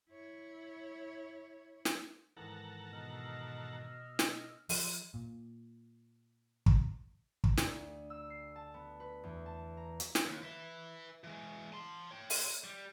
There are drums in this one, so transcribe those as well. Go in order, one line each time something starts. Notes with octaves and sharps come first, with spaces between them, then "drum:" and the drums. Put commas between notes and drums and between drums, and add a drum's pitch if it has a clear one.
E4 C#5
drum: snare
G#2 D#3 E3 A4 F#5 A#5
B2 D#5 E6 F6
drum: snare
F3, drum: open hi-hat
A#2
drum: kick
drum: kick
D2, drum: snare
E6
C7
A5
B3
B4
E2
A5
A#5
drum: hi-hat
drum: snare
D#2
B4 E5
E3 G#3
A5 C6
C#5 G5
drum: open hi-hat
G3